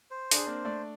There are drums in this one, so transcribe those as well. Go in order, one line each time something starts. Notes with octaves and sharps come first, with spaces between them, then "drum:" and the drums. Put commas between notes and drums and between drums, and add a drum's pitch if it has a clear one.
C5
D4 G#4, drum: open hi-hat
A#3 C4 D4
A3 D4 D5